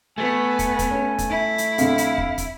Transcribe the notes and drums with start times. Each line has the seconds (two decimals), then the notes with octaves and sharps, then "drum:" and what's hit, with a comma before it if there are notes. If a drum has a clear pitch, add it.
0.18 A3 B3 G#5
0.59 drum: kick, hi-hat
0.79 drum: kick, hi-hat
0.91 C#4
1.18 drum: kick, hi-hat
1.29 E4
1.58 drum: hi-hat
1.78 F2 D3 F5, drum: hi-hat
1.98 drum: hi-hat
2.18 drum: kick
2.38 drum: kick, hi-hat